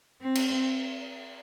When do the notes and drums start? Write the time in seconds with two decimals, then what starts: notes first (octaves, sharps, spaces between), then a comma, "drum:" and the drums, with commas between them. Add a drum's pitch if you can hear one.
0.23 C4
0.35 drum: cymbal